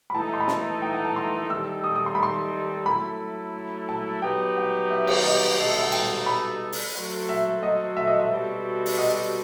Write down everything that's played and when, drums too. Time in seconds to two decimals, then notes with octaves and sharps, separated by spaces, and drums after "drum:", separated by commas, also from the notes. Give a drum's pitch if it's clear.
0.10 B5
0.15 E3 A3 D#4 A4 A5
0.34 C6
0.40 B5
0.48 A5, drum: snare
0.82 G5
0.93 F#5
1.05 A5
1.16 C6
1.50 D#3 G3 C4 D#4 A4 E6
1.84 D#6
1.96 D#6
2.06 C6
2.15 B5
2.23 C6
2.86 F#3 A3 E4 A4 B5
3.89 A5
4.22 F#3 B3 D#4 G4 G5
4.57 F#5
4.90 E5
5.07 drum: cymbal
5.24 D#5
5.58 B2 G3 D#4 A4 D#5
5.69 E5
5.82 F#5
5.92 G5, drum: cymbal
6.26 B5
6.72 drum: open hi-hat
6.95 F#3 A3 C4 F#4 A4
7.29 E5
7.63 D#5
7.97 E5
8.07 D#5
8.20 E5
8.30 B2 G3 C4 F#4 A4
8.86 drum: open hi-hat
8.98 D#5